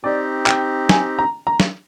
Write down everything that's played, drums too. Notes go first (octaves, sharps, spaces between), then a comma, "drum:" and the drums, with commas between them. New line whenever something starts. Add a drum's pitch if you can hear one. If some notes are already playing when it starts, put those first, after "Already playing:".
C4 D#4 G4 D5
G5, drum: clap
G#5, drum: snare
A#5
A#5
drum: snare